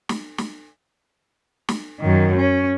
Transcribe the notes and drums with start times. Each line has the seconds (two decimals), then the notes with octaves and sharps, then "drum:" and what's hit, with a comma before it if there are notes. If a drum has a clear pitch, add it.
0.09 drum: snare
0.38 drum: snare
1.69 drum: snare
2.00 F#2 D#3
2.37 C#4